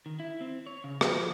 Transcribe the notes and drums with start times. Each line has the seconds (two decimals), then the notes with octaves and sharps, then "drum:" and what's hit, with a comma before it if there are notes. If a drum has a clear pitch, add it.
0.06 D#3
0.20 E4
0.41 C4
0.67 C#5
0.84 C#3
1.01 F3, drum: rim click